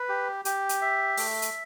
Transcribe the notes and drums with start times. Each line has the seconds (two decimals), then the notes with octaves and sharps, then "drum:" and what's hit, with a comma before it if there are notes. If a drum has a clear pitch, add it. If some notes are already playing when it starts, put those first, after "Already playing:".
Already playing: B4
0.09 G4
0.45 G4, drum: hi-hat
0.69 drum: hi-hat
0.82 E5
1.17 A3, drum: open hi-hat
1.42 drum: hi-hat